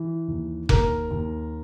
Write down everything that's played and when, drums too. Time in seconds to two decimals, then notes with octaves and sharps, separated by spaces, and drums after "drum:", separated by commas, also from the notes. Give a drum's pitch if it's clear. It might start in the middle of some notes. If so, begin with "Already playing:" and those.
Already playing: E3
0.28 D#2
0.69 D#2 A#4, drum: kick F1
1.11 D#2